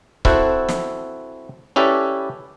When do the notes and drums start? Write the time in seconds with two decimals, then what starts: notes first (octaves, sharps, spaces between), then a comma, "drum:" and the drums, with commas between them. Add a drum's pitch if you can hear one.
0.25 C4 E4 F#4 A4 C5 F#5, drum: kick C#1
0.68 drum: snare
1.76 C#4 E4 G4 A4 B4 D5